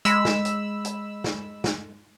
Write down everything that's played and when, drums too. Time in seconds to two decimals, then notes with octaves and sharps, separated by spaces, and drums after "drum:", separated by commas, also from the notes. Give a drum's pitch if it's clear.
0.05 G#3 B5 E6, drum: hi-hat
0.25 drum: snare
0.45 drum: hi-hat
0.85 drum: hi-hat
1.24 drum: snare
1.64 drum: snare